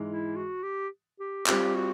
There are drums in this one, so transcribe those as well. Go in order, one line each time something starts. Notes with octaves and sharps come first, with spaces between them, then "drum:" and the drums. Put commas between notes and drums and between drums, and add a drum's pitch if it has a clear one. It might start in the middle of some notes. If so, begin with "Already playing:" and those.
Already playing: G#2 E3 G#3
E4
F#4
G4
G4
G3 C4 F4 G4, drum: clap
F#4